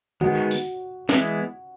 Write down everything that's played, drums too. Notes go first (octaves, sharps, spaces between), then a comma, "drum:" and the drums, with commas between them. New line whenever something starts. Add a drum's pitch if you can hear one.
D#3 G#3 B3 F#4, drum: tom D3
drum: open hi-hat
E3 G#3 B3 E4, drum: snare